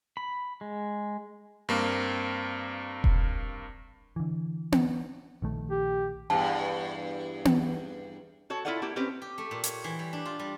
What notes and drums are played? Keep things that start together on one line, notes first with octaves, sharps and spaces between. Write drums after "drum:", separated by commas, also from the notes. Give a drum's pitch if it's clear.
B5
G#3
G2 A#3 C4
drum: kick E1
D3 E3
drum: tom B3
A#1 D#3 A3
G4
E2 G2 A5
drum: tom B3
F#4 A4 C#5
E4 F4 G#4 A4 D5 F#5
A#3 E4 G4
C4 C#4 G4 B4
G4
A3
A#2
C#5, drum: hi-hat
E3
G3
D4
F4
G3